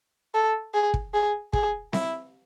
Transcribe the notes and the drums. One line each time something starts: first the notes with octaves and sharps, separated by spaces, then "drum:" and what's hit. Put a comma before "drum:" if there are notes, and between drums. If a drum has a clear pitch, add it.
A4
G#4
drum: kick
G#4
G#4, drum: kick
E4, drum: snare C4